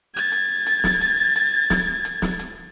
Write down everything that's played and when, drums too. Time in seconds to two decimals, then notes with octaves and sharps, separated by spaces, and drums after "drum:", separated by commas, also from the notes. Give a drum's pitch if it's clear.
0.15 G#6 A6
0.32 drum: hi-hat
0.66 drum: hi-hat
0.84 drum: snare
1.01 drum: hi-hat
1.36 drum: hi-hat
1.70 drum: snare
2.05 drum: hi-hat
2.22 drum: snare
2.39 drum: hi-hat